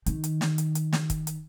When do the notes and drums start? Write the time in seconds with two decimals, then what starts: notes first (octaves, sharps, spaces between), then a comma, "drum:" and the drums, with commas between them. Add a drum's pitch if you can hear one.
0.06 D#3, drum: hi-hat
0.24 drum: hi-hat
0.41 drum: snare
0.58 drum: hi-hat
0.75 drum: hi-hat
0.92 drum: snare
1.10 drum: kick, hi-hat
1.27 drum: hi-hat